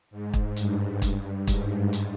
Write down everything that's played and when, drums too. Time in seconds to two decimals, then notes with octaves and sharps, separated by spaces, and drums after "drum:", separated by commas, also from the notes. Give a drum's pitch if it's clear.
0.11 G#2
0.34 drum: kick
0.56 G2, drum: hi-hat
1.02 drum: kick, hi-hat
1.47 G#2, drum: kick, hi-hat
1.93 drum: hi-hat